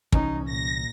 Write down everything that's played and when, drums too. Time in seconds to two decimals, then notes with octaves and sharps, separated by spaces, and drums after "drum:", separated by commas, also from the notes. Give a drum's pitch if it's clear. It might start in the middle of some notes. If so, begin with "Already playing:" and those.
0.12 C2 C3 E3 C#4 D#4, drum: kick
0.45 A#2 A#6